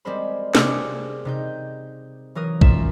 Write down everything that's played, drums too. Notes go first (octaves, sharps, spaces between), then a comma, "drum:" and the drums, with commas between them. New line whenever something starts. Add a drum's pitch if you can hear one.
G3 G#3 C4 A#4 C5 B5
C3 G#4 A#4 D6 D#6 C#7, drum: snare
C3 D#4 G6
E3 F#3 A#4 D#6
F#2 C#4 F4 E5 A#5 E7, drum: kick A#1